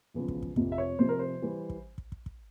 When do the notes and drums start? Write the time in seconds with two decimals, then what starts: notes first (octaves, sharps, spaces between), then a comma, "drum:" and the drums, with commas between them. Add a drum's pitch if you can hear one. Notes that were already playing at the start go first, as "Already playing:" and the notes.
0.14 E1 E2 C#3 F3
0.28 drum: kick
0.43 drum: kick
0.56 F1 F2 C3 F3, drum: kick
0.72 E5
0.78 C#5
0.99 F1 F2 C3 F3 C5
1.09 A#4
1.19 C5
1.42 E3 G3
1.70 drum: kick
1.98 drum: kick
2.12 drum: kick
2.26 drum: kick